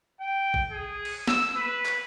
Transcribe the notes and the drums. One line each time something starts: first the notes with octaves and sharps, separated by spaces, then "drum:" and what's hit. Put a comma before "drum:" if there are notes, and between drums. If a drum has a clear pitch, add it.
G5
drum: kick A1
G#4
drum: cymbal
E6, drum: snare
B4
drum: clap